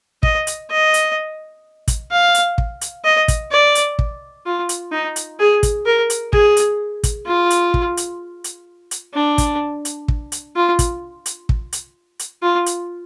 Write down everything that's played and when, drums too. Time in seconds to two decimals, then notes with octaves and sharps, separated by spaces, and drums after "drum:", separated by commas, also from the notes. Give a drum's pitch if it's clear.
0.23 D#5, drum: kick
0.47 drum: hi-hat
0.71 D#5
0.94 drum: hi-hat
1.88 drum: kick, hi-hat
2.12 F5
2.34 drum: hi-hat
2.58 drum: kick
2.81 drum: hi-hat
3.04 D#5
3.28 drum: kick, hi-hat
3.51 D5
3.75 drum: hi-hat
3.99 drum: kick
4.46 F4
4.69 drum: hi-hat
4.92 D#4
5.16 drum: hi-hat
5.40 G#4
5.63 drum: kick, hi-hat
5.86 A#4
6.10 drum: hi-hat
6.33 G#4, drum: kick
6.57 drum: hi-hat
7.03 drum: kick, hi-hat
7.26 F4
7.50 drum: hi-hat
7.74 drum: kick
7.97 drum: hi-hat
8.44 drum: hi-hat
8.91 drum: hi-hat
9.14 D4
9.38 drum: kick, hi-hat
9.85 drum: hi-hat
10.08 drum: kick
10.32 drum: hi-hat
10.56 F4
10.79 drum: kick, hi-hat
11.26 drum: hi-hat
11.49 drum: kick
11.73 drum: hi-hat
12.19 drum: hi-hat
12.42 F4
12.66 drum: hi-hat